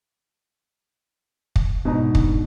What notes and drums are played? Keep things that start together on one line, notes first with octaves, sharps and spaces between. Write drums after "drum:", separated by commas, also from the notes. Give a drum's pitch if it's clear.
drum: kick
G#2 B2 D4 D#4
drum: kick